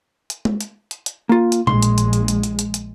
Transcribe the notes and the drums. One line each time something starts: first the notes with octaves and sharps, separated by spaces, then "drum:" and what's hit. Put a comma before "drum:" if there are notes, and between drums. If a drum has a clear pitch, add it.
drum: hi-hat
drum: tom G#3
drum: hi-hat
drum: hi-hat
drum: hi-hat
A#3 F4
drum: hi-hat
A#1 G#3 C6, drum: tom B2
drum: hi-hat
drum: hi-hat
drum: hi-hat
drum: hi-hat
drum: hi-hat
drum: hi-hat
drum: hi-hat